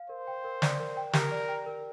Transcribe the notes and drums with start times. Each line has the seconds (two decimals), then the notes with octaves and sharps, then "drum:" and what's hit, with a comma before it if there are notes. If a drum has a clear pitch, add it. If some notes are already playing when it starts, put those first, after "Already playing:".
Already playing: F5
0.09 A#4 C5
0.27 G5
0.44 A#4
0.62 D5, drum: snare
0.80 A#4
0.97 G5
1.13 G4 A#4, drum: snare
1.32 D5
1.49 G5
1.66 A#4